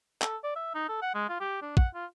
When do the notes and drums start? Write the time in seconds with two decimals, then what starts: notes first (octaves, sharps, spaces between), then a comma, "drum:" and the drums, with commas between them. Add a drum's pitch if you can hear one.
0.22 A4, drum: clap
0.44 D5
0.56 E5
0.75 D#4
0.88 A4
1.02 F#5
1.15 G#3
1.29 F4
1.40 G4
1.62 D4
1.77 F#5, drum: kick
1.94 F4